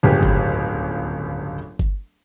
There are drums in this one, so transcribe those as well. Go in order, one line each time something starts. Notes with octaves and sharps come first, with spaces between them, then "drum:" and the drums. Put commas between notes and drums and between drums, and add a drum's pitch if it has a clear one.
D1 G1 C#2 G4 G#4
drum: kick G1
drum: kick G1